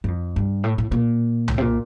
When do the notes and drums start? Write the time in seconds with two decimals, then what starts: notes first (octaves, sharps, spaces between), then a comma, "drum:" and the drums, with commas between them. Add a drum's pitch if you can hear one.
0.04 G2
0.08 F2
0.36 G2
0.64 A2
0.78 A2
0.92 A#2
1.48 A2, drum: tom C2
1.58 C3
1.62 A#2